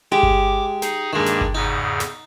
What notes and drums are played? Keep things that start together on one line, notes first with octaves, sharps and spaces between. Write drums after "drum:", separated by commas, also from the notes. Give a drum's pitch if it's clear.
G#3 G4 D6
drum: kick G1
D#4 G#4, drum: snare
G2 D#3 G#3 A#3 D4
drum: snare
drum: kick G1
E2 G#2 C#3 D#4
drum: snare